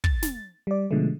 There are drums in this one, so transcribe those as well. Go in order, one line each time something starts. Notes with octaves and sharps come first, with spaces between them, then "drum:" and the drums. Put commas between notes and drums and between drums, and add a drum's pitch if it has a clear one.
A6, drum: kick
drum: snare
G3 D5
B2 D3 F3 G#3 A3